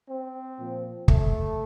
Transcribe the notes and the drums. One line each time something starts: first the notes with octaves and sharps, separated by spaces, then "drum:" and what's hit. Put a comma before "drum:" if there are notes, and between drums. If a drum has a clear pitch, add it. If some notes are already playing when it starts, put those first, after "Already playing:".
C4
A#2 F3
A3, drum: kick